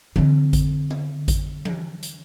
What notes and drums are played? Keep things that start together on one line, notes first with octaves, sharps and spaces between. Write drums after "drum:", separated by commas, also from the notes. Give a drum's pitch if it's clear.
D3 C4, drum: tom E3
drum: kick G#1, hi-hat
drum: tom D3
drum: kick G#1, hi-hat
drum: tom E3
drum: hi-hat